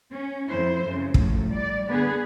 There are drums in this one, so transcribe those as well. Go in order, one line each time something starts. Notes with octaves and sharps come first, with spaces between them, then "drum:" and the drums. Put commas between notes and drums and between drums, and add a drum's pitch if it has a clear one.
C#4
F2 E4 C5
F#2 C#3
F#2 A2 F3 F#3, drum: kick
G3 D5
D3 B3 G#4 B4